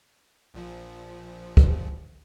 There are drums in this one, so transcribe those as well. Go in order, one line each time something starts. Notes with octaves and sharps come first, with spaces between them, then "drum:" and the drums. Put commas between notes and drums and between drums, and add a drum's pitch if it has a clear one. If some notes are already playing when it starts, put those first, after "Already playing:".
A#1 A#2 F3
drum: kick